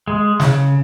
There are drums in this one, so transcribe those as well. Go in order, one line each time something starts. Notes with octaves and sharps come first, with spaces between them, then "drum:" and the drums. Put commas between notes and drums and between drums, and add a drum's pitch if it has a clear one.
G#3
C#3, drum: snare